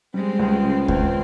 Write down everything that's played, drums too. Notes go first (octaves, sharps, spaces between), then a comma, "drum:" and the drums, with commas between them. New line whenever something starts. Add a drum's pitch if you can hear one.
G3 G#3 C4
C#2
C#3
C#2 G#3 C4, drum: kick D2